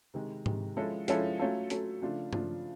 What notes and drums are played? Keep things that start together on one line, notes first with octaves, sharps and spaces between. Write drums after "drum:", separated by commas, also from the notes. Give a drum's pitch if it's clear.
C3 D#3 G#3
C3 D#3 G#3, drum: tom G#2
F3 G#3 C#4 E4 A4
F3 G#3 C#4 E4 A4, drum: hi-hat
F#3 A3 C#4 F4 A4
F#3 A3 C#4 F4 A4, drum: hi-hat
C#3 F3 A3 D4 F4
C#3 F3 A3 D4 F4, drum: tom